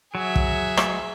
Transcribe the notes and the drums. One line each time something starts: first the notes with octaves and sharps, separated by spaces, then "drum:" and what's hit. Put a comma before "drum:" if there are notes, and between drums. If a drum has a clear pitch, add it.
F#3 G#4 E5
drum: kick
drum: rim click